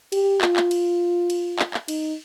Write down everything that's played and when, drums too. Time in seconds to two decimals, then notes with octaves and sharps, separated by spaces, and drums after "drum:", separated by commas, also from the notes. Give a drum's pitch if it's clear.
0.12 G4, drum: cymbal
0.41 F4, drum: clap
0.56 drum: clap
0.71 drum: cymbal
1.30 drum: cymbal
1.59 drum: clap
1.74 drum: clap
1.88 D#4, drum: cymbal